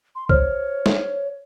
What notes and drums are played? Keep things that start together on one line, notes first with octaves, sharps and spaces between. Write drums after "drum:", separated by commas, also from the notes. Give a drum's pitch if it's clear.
C6
C5 C#5 F6, drum: kick C#2
drum: snare